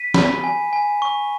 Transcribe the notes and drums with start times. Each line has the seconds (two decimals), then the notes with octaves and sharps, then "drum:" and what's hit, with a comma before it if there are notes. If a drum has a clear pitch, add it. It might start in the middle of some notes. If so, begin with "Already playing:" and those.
Already playing: B6 D#7
0.14 B5, drum: snare
0.44 G#5
0.73 G#5
1.02 C#6